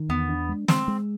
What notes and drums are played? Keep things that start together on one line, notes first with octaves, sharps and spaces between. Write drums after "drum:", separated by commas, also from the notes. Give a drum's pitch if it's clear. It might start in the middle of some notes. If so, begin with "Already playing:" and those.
Already playing: D#3
E2 B3
D4
G#3
G#3 C4, drum: snare
G#3